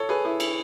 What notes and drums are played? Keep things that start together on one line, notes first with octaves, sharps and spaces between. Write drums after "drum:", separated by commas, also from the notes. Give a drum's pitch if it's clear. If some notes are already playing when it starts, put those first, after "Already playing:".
Already playing: A4 C#5
G#4 B4
E4 G#4
E4, drum: cymbal